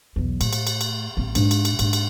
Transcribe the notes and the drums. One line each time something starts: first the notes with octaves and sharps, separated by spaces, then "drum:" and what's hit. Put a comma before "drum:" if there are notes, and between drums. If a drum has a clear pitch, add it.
B1 E2
A2, drum: cymbal
drum: cymbal
drum: cymbal
drum: cymbal
A1 C4
G#2 D4, drum: cymbal
drum: cymbal
drum: cymbal
G#2 D4, drum: cymbal
drum: cymbal